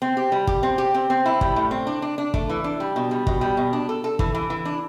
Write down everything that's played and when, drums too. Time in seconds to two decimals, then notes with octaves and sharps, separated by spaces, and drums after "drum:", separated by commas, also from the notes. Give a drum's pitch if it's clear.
0.02 C4
0.17 G4
0.32 G3
0.47 G4, drum: kick
0.63 C4
0.78 G4
0.94 C4
1.10 C4
1.26 E4
1.41 G3, drum: kick
1.56 A2
1.71 C4
1.87 D4
2.02 D4
2.18 D4
2.34 A3, drum: kick
2.50 E3
2.64 D4
2.80 G3
2.96 B2
3.11 G3
3.27 B2, drum: kick
3.41 G3
3.57 B2
3.73 D4
3.89 A4
4.04 A4
4.19 E3, drum: kick
4.35 E3
4.50 E3
4.65 D4